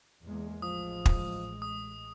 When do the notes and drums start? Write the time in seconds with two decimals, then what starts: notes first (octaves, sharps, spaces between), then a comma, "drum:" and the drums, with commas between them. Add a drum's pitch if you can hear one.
0.25 E2 G#3 A#3
0.62 A1 F3 G#3 D#6
1.06 drum: kick
1.62 D#6